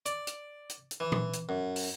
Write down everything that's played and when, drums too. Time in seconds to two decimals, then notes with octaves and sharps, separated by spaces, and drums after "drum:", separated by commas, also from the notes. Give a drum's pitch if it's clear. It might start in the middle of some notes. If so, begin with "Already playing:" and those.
0.06 D5, drum: hi-hat
0.27 drum: hi-hat
0.69 drum: hi-hat
0.91 drum: hi-hat
1.00 E3
1.12 drum: tom A#2
1.33 drum: hi-hat
1.49 F#2
1.76 drum: open hi-hat